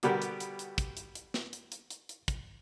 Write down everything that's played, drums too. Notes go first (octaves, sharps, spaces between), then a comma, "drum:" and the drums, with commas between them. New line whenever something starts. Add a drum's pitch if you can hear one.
B2 D3 G3 B3 G4 A#4, drum: hi-hat
drum: hi-hat
drum: hi-hat
drum: hi-hat
drum: kick, hi-hat
drum: hi-hat
drum: hi-hat
drum: snare
drum: hi-hat
drum: hi-hat
drum: hi-hat
drum: hi-hat
drum: kick, hi-hat